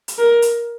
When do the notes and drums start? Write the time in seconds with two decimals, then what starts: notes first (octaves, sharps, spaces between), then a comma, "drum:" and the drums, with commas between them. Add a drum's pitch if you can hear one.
0.08 drum: hi-hat
0.18 A#4
0.42 drum: hi-hat